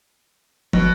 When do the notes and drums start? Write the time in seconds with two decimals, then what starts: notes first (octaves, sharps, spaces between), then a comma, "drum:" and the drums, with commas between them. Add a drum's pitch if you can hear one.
0.73 G1 B2, drum: tom